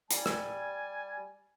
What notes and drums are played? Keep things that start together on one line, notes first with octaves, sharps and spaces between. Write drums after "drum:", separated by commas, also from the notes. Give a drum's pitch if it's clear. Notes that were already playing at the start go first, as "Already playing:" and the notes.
G3 G#5, drum: hi-hat
drum: rim click